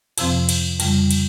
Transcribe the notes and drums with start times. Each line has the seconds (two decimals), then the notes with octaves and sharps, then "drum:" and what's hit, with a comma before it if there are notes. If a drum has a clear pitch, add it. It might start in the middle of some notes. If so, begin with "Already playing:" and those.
0.18 F2 C3 F3 C4, drum: cymbal
0.49 drum: cymbal
0.80 F2 C#3 G3, drum: cymbal
1.11 drum: cymbal